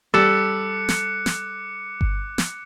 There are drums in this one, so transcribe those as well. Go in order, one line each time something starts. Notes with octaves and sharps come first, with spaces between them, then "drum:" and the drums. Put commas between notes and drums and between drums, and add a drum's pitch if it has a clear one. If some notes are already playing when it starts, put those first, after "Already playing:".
G3 A4 D6 F#6 C#7
drum: snare
drum: snare
drum: kick G1
drum: snare